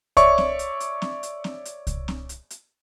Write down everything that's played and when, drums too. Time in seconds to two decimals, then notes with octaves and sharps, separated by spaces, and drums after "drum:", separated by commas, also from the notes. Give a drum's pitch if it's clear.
0.17 C#5 D5 E5 C#6, drum: kick C2, hi-hat
0.38 drum: snare C4
0.59 drum: hi-hat
0.80 drum: hi-hat
1.02 drum: snare C4
1.23 drum: hi-hat
1.44 drum: snare C4
1.65 drum: hi-hat
1.87 drum: kick C2, hi-hat
2.08 drum: snare C4
2.29 drum: hi-hat
2.50 drum: hi-hat